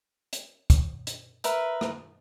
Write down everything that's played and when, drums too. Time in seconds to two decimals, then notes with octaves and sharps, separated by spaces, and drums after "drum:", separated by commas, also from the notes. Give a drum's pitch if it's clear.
0.33 drum: hi-hat
0.70 drum: kick, hi-hat
1.07 drum: hi-hat
1.44 A#4 B4 E5, drum: hi-hat
1.81 drum: rim click